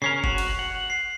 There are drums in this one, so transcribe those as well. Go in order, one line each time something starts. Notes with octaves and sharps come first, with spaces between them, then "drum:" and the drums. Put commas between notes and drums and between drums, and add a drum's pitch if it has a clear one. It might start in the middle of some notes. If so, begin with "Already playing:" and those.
C#3 C#4 A#4 C7
F#4 F7, drum: kick F#1
drum: cymbal
F#5
C7